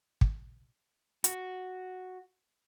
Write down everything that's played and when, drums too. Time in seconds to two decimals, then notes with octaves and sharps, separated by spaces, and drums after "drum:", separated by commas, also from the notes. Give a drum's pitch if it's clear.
0.21 drum: kick
1.24 F#4, drum: hi-hat